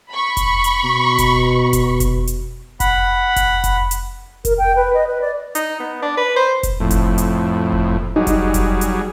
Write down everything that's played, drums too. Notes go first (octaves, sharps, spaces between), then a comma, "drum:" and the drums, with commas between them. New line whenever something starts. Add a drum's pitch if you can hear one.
B5 C#6
drum: kick F1, hi-hat
drum: hi-hat
B2
drum: kick F1, hi-hat
drum: kick F1, hi-hat
drum: kick F1, hi-hat
drum: hi-hat
F#5 B5, drum: kick F1, hi-hat
drum: kick F1, hi-hat
drum: kick F1, hi-hat
drum: hi-hat
A#4, drum: kick F1, hi-hat
G5
B4
D#5
B4
D5
D#4, drum: hi-hat
B3
D4
B4
C5
drum: kick F1, hi-hat
F2 A2
drum: kick F1, hi-hat
drum: hi-hat
drum: kick F1
F#3 G3 D#4 G#4
drum: kick F1, hi-hat
drum: kick F1, hi-hat
drum: hi-hat